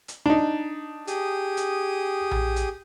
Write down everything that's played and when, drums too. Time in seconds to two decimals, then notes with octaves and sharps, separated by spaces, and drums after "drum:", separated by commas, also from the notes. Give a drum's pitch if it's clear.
0.08 drum: hi-hat
0.26 D4 D#4
1.07 G4 G#4 D#6, drum: hi-hat
1.57 drum: hi-hat
2.31 drum: tom A#1
2.56 drum: hi-hat